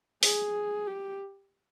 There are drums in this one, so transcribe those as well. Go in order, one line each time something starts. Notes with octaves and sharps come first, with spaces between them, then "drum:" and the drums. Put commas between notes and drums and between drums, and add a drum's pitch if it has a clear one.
G#4, drum: open hi-hat
G4